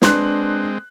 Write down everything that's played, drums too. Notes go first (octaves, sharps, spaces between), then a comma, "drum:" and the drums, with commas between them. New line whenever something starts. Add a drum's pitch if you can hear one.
G#3 C4 D4 B4 C6 F#6, drum: snare